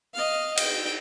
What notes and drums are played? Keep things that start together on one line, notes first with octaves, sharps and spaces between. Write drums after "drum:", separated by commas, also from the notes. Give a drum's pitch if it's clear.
D#5 F5
G5, drum: cymbal